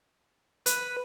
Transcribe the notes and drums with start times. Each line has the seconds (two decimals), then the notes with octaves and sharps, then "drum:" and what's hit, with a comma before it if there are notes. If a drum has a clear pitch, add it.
0.66 B4, drum: hi-hat